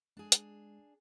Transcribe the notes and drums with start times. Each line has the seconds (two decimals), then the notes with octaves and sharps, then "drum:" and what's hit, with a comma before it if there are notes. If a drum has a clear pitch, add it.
0.17 G#3 D4 G#4
0.32 drum: hi-hat